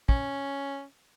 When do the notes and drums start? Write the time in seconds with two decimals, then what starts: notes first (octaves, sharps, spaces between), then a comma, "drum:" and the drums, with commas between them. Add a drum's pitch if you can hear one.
0.09 C#4, drum: kick